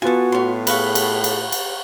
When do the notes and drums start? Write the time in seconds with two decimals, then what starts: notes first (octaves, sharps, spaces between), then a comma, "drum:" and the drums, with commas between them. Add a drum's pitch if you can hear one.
0.02 B3 F4 F#4 A4 G#5
0.32 A2 C#5 C6
0.67 G#4 B4 F5 C#6, drum: cymbal
0.95 drum: cymbal
1.24 drum: cymbal
1.52 drum: cymbal